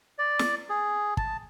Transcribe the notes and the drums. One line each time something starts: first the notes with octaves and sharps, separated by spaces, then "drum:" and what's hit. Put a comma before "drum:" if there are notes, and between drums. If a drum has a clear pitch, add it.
D5
drum: snare
G#4
A5, drum: kick